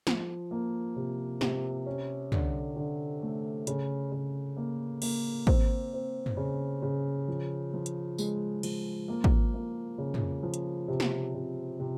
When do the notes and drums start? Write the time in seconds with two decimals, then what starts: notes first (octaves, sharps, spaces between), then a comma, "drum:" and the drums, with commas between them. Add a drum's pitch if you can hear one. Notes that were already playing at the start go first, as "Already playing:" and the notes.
0.07 F3, drum: snare
0.51 A#3
0.96 C3
1.41 C3, drum: snare
1.86 C#4
2.32 D3, drum: tom
2.76 D3
3.22 A3
3.67 C#3, drum: hi-hat
4.12 C#3
4.57 A#3
5.02 A#3, drum: cymbal
5.47 C4, drum: kick
5.93 C4
6.26 drum: tom
6.37 C#3
6.82 C#3
7.28 F3
7.74 F3
7.86 drum: hi-hat
8.18 G#3, drum: tambourine
8.63 F3, drum: cymbal
9.08 A#3
9.24 drum: kick
9.54 A#3
9.98 C#3
10.14 drum: tom
10.43 F3
10.54 drum: hi-hat
10.88 C3
11.00 drum: snare
11.34 C3
11.80 C3